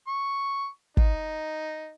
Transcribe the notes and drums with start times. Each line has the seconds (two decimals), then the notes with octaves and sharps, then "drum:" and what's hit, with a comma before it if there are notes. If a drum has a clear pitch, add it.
0.08 C#6
0.97 D#4, drum: kick